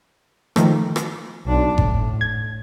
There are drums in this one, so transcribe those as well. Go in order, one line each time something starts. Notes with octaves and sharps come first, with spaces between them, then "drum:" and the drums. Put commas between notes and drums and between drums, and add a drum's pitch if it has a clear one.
D#3 F3 A3, drum: rim click
drum: rim click
B1 D4
A2, drum: kick G1
G#6